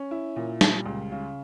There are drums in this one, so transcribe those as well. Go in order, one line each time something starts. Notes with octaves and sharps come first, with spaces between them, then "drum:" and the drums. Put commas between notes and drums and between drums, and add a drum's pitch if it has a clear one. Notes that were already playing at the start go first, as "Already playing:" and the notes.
Already playing: C#4
E4
A#2
G3, drum: snare
C#2
C#3